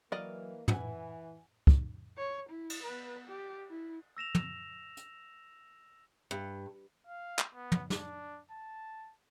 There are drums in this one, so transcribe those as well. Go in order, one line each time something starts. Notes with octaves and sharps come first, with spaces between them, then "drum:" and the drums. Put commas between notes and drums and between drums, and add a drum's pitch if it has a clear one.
E3 F#3 A#3 A#4 D5 D#5 F5
E3 E5 F#5 G#5, drum: tom
drum: kick
C#5
E4
drum: cymbal
B3 B4
G4
E4
E6 A#6 E7 F7
drum: tom
drum: hi-hat
G2
F5
drum: clap
B3
drum: tom
D4, drum: snare
A5